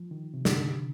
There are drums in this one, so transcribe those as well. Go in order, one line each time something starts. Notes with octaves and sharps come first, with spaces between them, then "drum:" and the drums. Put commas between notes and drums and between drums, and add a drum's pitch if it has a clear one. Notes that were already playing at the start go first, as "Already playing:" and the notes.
Already playing: F3
D#3
C3
D3, drum: snare